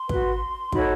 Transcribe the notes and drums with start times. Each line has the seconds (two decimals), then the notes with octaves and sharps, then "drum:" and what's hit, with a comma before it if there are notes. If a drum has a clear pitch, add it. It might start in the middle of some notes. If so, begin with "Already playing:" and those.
Already playing: C6
0.09 F#4 B4, drum: kick
0.72 D#4 F#4 A4 C#5 B5, drum: kick